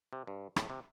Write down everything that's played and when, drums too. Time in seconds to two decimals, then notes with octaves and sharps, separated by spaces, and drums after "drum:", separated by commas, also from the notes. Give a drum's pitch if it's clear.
0.13 C3
0.27 G2
0.56 A2, drum: rim click
0.70 C3